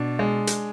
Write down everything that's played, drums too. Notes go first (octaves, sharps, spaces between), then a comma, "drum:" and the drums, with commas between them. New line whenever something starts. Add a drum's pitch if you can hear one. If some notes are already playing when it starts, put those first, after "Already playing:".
Already playing: B2 D4
G#3
drum: hi-hat